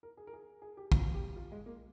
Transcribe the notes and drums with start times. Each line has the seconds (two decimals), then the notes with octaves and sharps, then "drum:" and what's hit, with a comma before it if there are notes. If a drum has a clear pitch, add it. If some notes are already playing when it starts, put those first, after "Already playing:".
0.03 A#4
0.17 G#4
0.27 A#4
0.33 G#4
0.62 G#4
0.77 G4
0.92 F4, drum: kick
1.14 G4
1.36 F4
1.52 G#3
1.66 A#3